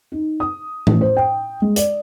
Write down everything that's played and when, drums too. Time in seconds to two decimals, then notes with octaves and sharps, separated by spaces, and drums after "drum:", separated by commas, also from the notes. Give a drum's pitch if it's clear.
0.12 D#4
0.40 D#6
0.87 A1, drum: tom A2
1.01 C5
1.17 G5
1.62 G#3
1.76 D5, drum: hi-hat